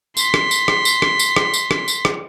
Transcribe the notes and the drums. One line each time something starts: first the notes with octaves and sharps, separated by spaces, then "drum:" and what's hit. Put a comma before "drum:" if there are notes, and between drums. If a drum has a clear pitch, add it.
C6 B6, drum: tambourine
drum: rim click
drum: tambourine
drum: rim click
drum: tambourine
drum: rim click
drum: tambourine
drum: rim click
drum: tambourine
drum: rim click
drum: tambourine
drum: rim click